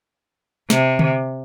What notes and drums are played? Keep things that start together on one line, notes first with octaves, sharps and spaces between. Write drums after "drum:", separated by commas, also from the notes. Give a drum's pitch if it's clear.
C3, drum: snare
drum: tom D3